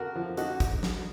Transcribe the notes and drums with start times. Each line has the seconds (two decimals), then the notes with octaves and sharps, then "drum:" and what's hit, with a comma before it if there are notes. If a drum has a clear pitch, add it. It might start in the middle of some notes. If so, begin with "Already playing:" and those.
Already playing: D3 F#4 A#4
0.15 F3
0.37 D3 D#4 F#4, drum: hi-hat
0.60 drum: kick, hi-hat
0.83 drum: snare